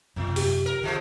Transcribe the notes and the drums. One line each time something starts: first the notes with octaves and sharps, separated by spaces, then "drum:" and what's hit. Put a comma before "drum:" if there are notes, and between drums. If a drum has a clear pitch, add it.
F#2 A2 C3
G4, drum: open hi-hat
A#4
B2 D#3 F3 G#3